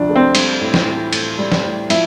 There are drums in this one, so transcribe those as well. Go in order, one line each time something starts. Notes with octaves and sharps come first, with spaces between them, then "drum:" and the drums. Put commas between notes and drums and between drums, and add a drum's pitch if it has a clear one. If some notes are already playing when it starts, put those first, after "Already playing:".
Already playing: D2 C3 F3 D4
A3
C4
G3, drum: cymbal
A2
drum: snare
E3
A2, drum: cymbal
G3
drum: snare
A2
F3 E4, drum: cymbal